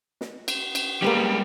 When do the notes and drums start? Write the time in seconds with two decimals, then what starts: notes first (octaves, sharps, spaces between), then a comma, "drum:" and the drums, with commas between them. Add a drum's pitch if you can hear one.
0.21 drum: snare
0.48 drum: cymbal
0.75 drum: cymbal
1.02 G3 G#3 A#3 B3 G4